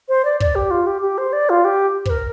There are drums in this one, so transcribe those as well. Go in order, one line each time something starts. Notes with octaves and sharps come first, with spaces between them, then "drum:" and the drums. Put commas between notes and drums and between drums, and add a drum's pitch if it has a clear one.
C5
D5
D5, drum: kick
G4
F4
G4
G4
C5
D5
F4
G4
C5, drum: kick
A#4